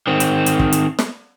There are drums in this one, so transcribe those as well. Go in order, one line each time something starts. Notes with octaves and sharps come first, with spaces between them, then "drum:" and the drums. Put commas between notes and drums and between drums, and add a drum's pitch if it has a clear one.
D#3 C4
drum: hi-hat
drum: hi-hat
drum: kick
drum: hi-hat
drum: snare